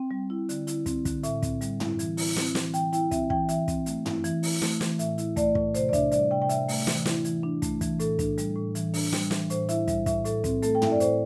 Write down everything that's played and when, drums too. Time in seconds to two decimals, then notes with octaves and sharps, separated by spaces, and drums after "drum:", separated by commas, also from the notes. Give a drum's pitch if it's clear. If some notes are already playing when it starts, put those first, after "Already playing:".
Already playing: C4 G5
0.11 G3
0.30 E4
0.49 D3, drum: hi-hat
0.67 E4, drum: hi-hat
0.86 C4, drum: kick, hi-hat
1.05 D3, drum: kick, hi-hat
1.23 A2 E5, drum: hi-hat
1.43 C4, drum: kick, hi-hat
1.61 G3, drum: hi-hat
1.80 E4, drum: tom
1.99 E3, drum: hi-hat
2.17 E4, drum: open hi-hat
2.36 C4, drum: snare
2.55 E3, drum: snare
2.74 E3 G5, drum: hi-hat
2.93 E4 G5, drum: hi-hat
3.11 C4 E5, drum: kick, hi-hat
3.30 E3 G5, drum: kick
3.49 E3 E5, drum: hi-hat
3.68 C4, drum: kick, hi-hat
3.86 A3, drum: hi-hat
4.06 E4, drum: tom
4.24 E3, drum: hi-hat
4.43 E4, drum: open hi-hat
4.62 A3, drum: snare
4.81 E3, drum: snare
4.99 A2 E5, drum: hi-hat
5.18 E4, drum: hi-hat
5.37 A3 D5, drum: kick, hi-hat
5.55 A2, drum: kick
5.75 C3 C5, drum: hi-hat
5.89 D5
5.93 D4 E5, drum: kick, hi-hat
6.12 G3 D5, drum: hi-hat
6.31 C3 G5
6.42 G5
6.49 C3 E5, drum: hi-hat
6.69 A3, drum: open hi-hat
6.87 E3, drum: snare
7.06 E4, drum: snare
7.25 E3, drum: hi-hat
7.43 D4
7.62 A3, drum: kick, hi-hat
7.81 E3, drum: kick, hi-hat
8.00 A2 A4, drum: hi-hat
8.19 D4, drum: kick, hi-hat
8.38 G3, drum: hi-hat
8.56 A2
8.75 E3, drum: hi-hat
8.94 D4, drum: open hi-hat
9.13 G3, drum: snare
9.31 E3, drum: snare
9.50 A2 C5, drum: hi-hat
9.69 E4 E5, drum: hi-hat
9.88 G3 E5, drum: kick, hi-hat
10.06 A2 E5, drum: kick, hi-hat
10.25 A2 A4, drum: hi-hat
10.44 C4, drum: kick, hi-hat
10.62 A3 A4, drum: hi-hat
10.75 G5
10.82 E4 E5, drum: tom
10.92 D5
11.00 A2 C5, drum: hi-hat